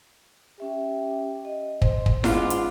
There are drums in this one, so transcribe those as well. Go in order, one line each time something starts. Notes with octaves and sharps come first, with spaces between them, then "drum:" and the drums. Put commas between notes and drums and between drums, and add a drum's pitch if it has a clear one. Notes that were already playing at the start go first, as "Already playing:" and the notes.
C#4 G4 E5
D#5
C5, drum: kick
drum: kick
G#2 B3 C#4 D4 F4, drum: snare E4
drum: hi-hat